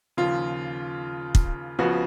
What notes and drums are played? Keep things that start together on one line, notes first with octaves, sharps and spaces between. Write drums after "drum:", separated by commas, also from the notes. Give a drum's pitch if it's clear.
D#2 C#3 F3 F4
drum: kick
C#2 C#3 F3 B3 F#4